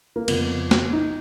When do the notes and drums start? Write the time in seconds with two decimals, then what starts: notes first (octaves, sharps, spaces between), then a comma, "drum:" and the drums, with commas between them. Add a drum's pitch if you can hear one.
0.16 A#3
0.28 F2 C#3 B3, drum: cymbal
0.71 drum: snare
0.93 D#4